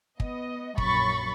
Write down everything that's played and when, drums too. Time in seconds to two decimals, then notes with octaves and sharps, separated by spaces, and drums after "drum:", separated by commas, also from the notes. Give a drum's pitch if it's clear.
0.20 B3 D#5, drum: kick
0.78 A#1 F#2 B5 C#6 A6, drum: kick